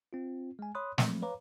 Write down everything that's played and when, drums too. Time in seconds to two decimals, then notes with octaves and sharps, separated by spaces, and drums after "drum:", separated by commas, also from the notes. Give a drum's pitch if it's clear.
0.13 C4 F4
0.59 G#3 G#5
0.75 C#5 B5 C6 D#6 F#6
0.98 F3 F#3 G#3 A3 C4, drum: snare
1.22 B4 C#5 F5 A#5 D6